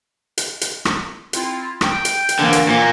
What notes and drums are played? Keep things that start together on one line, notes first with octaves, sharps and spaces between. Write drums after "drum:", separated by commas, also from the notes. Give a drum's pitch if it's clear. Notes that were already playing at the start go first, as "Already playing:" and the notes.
drum: hi-hat
drum: hi-hat
drum: rim click
C4 E4 F4, drum: hi-hat
G5, drum: rim click
drum: hi-hat
drum: hi-hat
D3 E3 A#3
drum: hi-hat
A#2 A#3